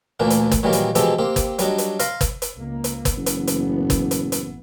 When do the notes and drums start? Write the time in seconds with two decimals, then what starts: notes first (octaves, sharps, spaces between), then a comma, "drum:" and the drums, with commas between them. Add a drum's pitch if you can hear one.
0.20 D2 A#2 E3 A#3 D4
0.30 drum: hi-hat
0.51 drum: kick, hi-hat
0.63 A#2 D#3 E3 F#3 G3 A#3
0.73 drum: hi-hat
0.95 B2 E3 F3 G#3 G4 A4, drum: hi-hat
1.19 A#3 C4 G4
1.36 drum: kick, hi-hat
1.59 F#3 G3 D4 D#4, drum: hi-hat
1.78 drum: hi-hat
1.99 F5 A#5 C6, drum: hi-hat
2.21 drum: kick, hi-hat
2.42 drum: hi-hat
2.57 C#2 A#3
2.84 drum: hi-hat
3.05 drum: kick, hi-hat
3.17 F#1 A2 E3 B3
3.26 drum: hi-hat
3.47 drum: hi-hat
3.90 drum: kick, hi-hat
4.11 drum: hi-hat
4.32 drum: hi-hat